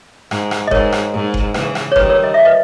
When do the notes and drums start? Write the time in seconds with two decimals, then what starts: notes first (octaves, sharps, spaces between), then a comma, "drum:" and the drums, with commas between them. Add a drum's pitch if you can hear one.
0.31 G#2, drum: rim click
0.51 drum: rim click
0.67 D#5
0.71 G#2 A#4 C#5, drum: kick F#1
0.93 drum: rim click
1.13 G#2
1.34 drum: kick F#1
1.54 C#3 E3 B4, drum: rim click
1.75 drum: rim click
1.92 C#5
1.96 D#3 G3 B4, drum: kick F#1
2.10 A#4 C#5
2.23 D#5
2.34 E5
2.45 B4 D#5